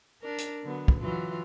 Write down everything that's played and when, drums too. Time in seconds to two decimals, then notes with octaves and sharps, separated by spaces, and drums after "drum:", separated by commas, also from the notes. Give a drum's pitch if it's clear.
0.21 D4 A#4
0.38 drum: hi-hat
0.63 D3 F#3 B3
0.88 drum: kick
1.00 E3 F#3 F4